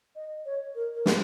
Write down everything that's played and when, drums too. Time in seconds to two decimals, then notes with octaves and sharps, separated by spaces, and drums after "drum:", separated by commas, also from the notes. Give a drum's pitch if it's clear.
0.16 D#5
0.46 C#5
0.75 A#4
0.95 A#4
1.06 G#4, drum: snare